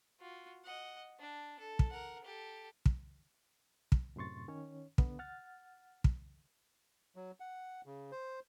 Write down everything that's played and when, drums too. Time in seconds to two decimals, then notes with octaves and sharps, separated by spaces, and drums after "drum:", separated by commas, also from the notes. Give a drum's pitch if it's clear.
0.21 F4 F#4
0.64 D#5 F#5
1.20 D4
1.60 A4
1.79 drum: kick
1.90 A#4 F#5
2.24 G4 A4
2.86 drum: kick
3.92 drum: kick
4.16 F#2 A2 C3 C6 C#6 A6
4.48 D#3 C#4 C#5
4.98 D3 B3, drum: kick
5.19 F#5 F6 A6
6.04 drum: kick
7.16 F#3
7.40 F#5
7.86 C#3
8.12 C5